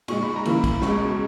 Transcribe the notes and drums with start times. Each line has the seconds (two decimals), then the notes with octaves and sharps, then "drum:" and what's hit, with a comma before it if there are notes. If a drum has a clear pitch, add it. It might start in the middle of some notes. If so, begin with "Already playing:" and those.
0.08 A#2 G#3 D#4 C#6, drum: cymbal
0.23 B5
0.36 A#5
0.45 C#3 E3 A#3 E4 B5, drum: cymbal
0.64 drum: kick, cymbal
0.82 C#2 B2 G#3 C#6, drum: snare